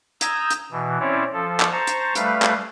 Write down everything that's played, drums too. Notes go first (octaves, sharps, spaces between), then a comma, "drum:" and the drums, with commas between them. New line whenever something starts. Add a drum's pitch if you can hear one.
A#5 D#6 E6 G6 G#6, drum: hi-hat
drum: hi-hat
B2 E3
C4 C#4 E4 C#5 D5
F3 A4
drum: clap
C5 A5 A#5 C#6
drum: hi-hat
G3 A3 B4 F5, drum: hi-hat
drum: clap